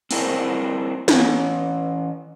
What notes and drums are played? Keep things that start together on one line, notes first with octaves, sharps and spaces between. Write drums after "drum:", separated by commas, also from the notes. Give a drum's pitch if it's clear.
C4 D4 E4 G#4 A#4 C5, drum: open hi-hat
E3 C#4, drum: snare